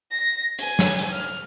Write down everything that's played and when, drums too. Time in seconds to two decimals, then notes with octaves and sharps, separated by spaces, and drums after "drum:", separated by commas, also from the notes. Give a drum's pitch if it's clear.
0.11 A#6
0.59 G#5, drum: hi-hat
0.79 drum: snare
0.99 drum: hi-hat
1.13 F6